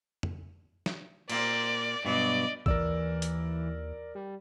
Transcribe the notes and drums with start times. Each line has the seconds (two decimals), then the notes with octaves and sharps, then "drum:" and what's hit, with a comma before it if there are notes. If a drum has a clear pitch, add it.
0.23 drum: tom F2
0.86 drum: snare
1.30 A#2 A#3 C4 D5, drum: cymbal
2.05 G2 B2 F#3 D5 D#5
2.66 D#2 E3 A#4 D5 E6, drum: kick
3.22 drum: hi-hat
4.15 G3